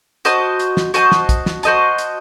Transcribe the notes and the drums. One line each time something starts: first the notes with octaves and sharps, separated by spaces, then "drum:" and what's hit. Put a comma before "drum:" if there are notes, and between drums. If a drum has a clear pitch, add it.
F#4 C5 D#5 A5, drum: hi-hat
drum: hi-hat
drum: snare
F#4 C5 D#5 A5, drum: hi-hat
drum: snare
drum: kick, hi-hat
drum: snare
F#4 C5 D#5 A5, drum: hi-hat
drum: hi-hat